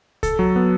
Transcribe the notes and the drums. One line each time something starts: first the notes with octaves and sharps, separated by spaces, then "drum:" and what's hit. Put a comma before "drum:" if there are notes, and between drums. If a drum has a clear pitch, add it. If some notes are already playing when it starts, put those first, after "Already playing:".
A4, drum: kick C2, hi-hat
F#3
B3